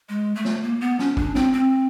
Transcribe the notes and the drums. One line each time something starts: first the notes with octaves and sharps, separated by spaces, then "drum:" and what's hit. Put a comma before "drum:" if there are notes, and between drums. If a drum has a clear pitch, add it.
G#3
A3
drum: snare
A#3
B3
C#4, drum: snare
D4, drum: kick
C4, drum: snare
C4